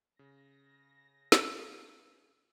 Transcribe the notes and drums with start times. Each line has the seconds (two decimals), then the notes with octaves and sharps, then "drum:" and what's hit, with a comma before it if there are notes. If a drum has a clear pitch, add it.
0.19 C#3 A#6
1.32 drum: snare